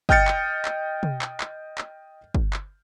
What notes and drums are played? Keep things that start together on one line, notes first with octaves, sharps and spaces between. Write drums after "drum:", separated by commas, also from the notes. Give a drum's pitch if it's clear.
D#5 G5 F6 G6 A6 C#7, drum: kick
drum: clap
drum: clap
drum: tom
drum: clap
drum: clap
drum: clap
drum: kick
drum: clap